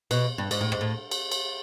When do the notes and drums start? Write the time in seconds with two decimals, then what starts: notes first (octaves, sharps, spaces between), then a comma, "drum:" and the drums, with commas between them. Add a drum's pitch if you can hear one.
0.11 B2, drum: cymbal
0.38 G2
0.51 G#2, drum: cymbal
0.61 A2
0.72 G#2, drum: rim click
0.81 A2
1.11 drum: cymbal
1.31 drum: cymbal